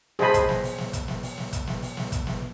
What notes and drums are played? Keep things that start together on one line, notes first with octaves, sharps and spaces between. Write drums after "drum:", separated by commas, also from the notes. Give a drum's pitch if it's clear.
G#4 C5 D#5 G#5 A5 B5, drum: snare
drum: kick, hi-hat
drum: snare
drum: open hi-hat
drum: snare
drum: kick, hi-hat
drum: snare
drum: open hi-hat
drum: snare
drum: kick, hi-hat
drum: snare
drum: open hi-hat
drum: snare
drum: kick, hi-hat
drum: snare